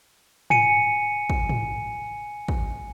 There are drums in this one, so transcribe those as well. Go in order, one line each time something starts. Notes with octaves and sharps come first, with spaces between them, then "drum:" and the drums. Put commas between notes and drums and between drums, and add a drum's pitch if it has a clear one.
G#5 C#7 D#7, drum: tom
drum: kick
drum: tom
drum: kick